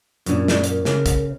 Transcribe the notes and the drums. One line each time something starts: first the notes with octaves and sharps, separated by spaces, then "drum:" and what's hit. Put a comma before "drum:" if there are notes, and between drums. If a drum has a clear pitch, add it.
F#2 A#2 D4, drum: hi-hat
D5, drum: snare
A#4, drum: hi-hat
C#3, drum: snare
drum: kick, hi-hat